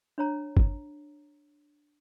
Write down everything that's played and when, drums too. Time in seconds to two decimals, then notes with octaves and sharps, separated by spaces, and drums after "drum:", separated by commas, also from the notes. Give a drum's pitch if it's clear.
0.18 D4 C#5 A#5
0.57 drum: kick